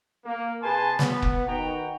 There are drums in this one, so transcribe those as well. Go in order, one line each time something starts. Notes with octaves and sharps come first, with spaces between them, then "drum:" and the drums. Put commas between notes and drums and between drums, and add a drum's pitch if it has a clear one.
A#3
C3 G#4 B4 G#5 A5 C6
B3, drum: snare
drum: kick
D#3 B3 D#4 F#4 G5 A#5